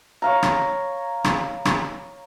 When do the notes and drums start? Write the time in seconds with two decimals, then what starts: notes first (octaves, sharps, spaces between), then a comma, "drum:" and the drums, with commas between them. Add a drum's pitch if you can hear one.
0.22 C#5 F5 A#5
0.43 drum: rim click
1.24 drum: rim click
1.65 drum: rim click